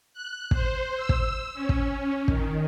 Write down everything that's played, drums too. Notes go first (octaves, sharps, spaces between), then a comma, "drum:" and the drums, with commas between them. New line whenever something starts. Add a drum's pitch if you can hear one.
F#6
C5, drum: kick
E6
drum: kick
C#4
drum: kick
D#3, drum: kick